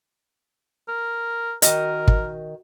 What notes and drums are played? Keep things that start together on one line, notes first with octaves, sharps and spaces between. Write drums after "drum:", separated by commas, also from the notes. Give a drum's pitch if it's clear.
A#4
D#3 F#4 A#4 D#5, drum: hi-hat
drum: kick